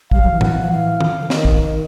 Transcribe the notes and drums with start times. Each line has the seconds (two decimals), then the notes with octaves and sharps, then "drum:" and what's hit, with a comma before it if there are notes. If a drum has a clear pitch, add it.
0.11 G3 F5, drum: kick
0.22 F#3
0.31 E3
0.41 F#5, drum: tom A2
0.61 F3
0.70 E3 F5
1.01 drum: tom D#3
1.20 D3
1.30 D#3 D#5, drum: snare
1.45 drum: kick